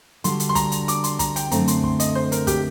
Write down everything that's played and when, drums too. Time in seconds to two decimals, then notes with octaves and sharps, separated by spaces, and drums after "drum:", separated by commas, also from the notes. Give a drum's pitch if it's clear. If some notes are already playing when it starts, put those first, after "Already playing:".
0.24 D3 G3 D4 F#4 C6, drum: hi-hat
0.40 drum: hi-hat
0.49 C6
0.55 A#5, drum: kick, hi-hat
0.72 drum: hi-hat
0.88 D6, drum: hi-hat
1.04 C6, drum: hi-hat
1.19 A#5, drum: kick, hi-hat
1.36 G5, drum: hi-hat
1.51 F#2 D3 A3 C4 A#5, drum: hi-hat
1.68 C6, drum: hi-hat
1.83 C6, drum: kick
2.00 D#5, drum: hi-hat
2.15 C5
2.32 A#4, drum: hi-hat
2.47 G4, drum: kick, hi-hat